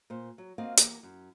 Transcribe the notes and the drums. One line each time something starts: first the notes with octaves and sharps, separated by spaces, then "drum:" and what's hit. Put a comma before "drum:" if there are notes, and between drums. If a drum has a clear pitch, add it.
A#2 C5
F#3
A#3 C4 F4 F#4 D#5 F5
E2 A#3 G4, drum: hi-hat
F#2